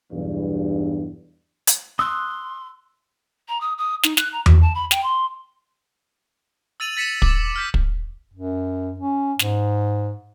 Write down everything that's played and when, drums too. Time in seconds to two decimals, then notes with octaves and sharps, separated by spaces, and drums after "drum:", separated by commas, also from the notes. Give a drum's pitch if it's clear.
0.11 B1 E2 G2
1.67 drum: hi-hat
1.99 C6 D#6 E6 F#6
3.48 A#5
3.61 D#6
3.78 D#6
4.03 D#4, drum: snare
4.17 F#6, drum: snare
4.32 A#5
4.46 F#4, drum: tom E2
4.61 A5
4.75 B5
4.91 G5, drum: snare
5.03 C6
6.80 E6 A6 D#7 F7 F#7
6.97 A6 B6 C#7 D#7 E7
7.22 D6 A6, drum: kick
7.56 F6 G6 B6
7.74 drum: kick
8.34 F#2
9.00 C#4
9.39 G#2, drum: snare